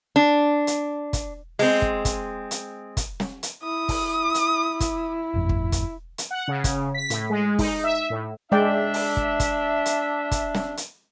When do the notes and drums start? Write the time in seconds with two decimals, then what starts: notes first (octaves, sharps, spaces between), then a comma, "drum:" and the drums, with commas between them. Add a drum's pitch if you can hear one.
0.16 D4
0.67 drum: hi-hat
1.13 drum: kick, hi-hat
1.59 G#3 C4, drum: open hi-hat
1.82 drum: kick
2.05 drum: kick, hi-hat
2.51 drum: hi-hat
2.97 drum: kick, hi-hat
3.20 drum: snare
3.43 drum: hi-hat
3.63 E4 D#6
3.89 drum: kick, open hi-hat
4.35 drum: hi-hat
4.80 drum: kick, hi-hat
5.34 G1 F2 A2
5.49 drum: kick
5.72 drum: kick, hi-hat
6.18 drum: hi-hat
6.31 F#5
6.48 C#3
6.64 drum: kick, hi-hat
6.94 B6
7.10 A2, drum: hi-hat
7.30 G#3
7.59 D#4, drum: kick, open hi-hat
7.84 E5
8.10 A2
8.52 G#3 D4 D5 E5 G5
8.94 drum: open hi-hat
9.17 drum: kick
9.40 drum: kick, hi-hat
9.86 drum: hi-hat
10.31 drum: kick, hi-hat
10.54 drum: snare
10.77 drum: hi-hat